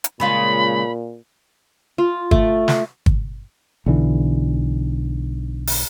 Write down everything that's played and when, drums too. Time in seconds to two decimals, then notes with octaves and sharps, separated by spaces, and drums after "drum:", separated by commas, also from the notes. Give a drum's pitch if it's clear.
0.04 drum: hi-hat
0.20 A#2 C#3 G#3 F4 B5
1.98 F4
2.31 A3, drum: kick
2.68 drum: snare
3.06 drum: kick
3.86 B1 D3 E3
5.67 drum: open hi-hat